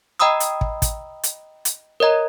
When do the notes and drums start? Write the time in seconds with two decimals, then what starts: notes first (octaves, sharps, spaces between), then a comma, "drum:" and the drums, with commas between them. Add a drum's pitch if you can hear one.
0.19 D#5 G5 A#5 B5 D#6 E6
0.40 drum: hi-hat
0.61 drum: kick
0.82 drum: kick, hi-hat
1.23 drum: hi-hat
1.65 drum: hi-hat
2.00 A#4 C#5 D#5 A#5